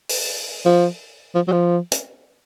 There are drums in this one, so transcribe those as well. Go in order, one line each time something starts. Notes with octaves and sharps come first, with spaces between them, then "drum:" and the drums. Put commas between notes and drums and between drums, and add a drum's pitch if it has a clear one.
drum: open hi-hat
F3
F3
F#3
F3
drum: hi-hat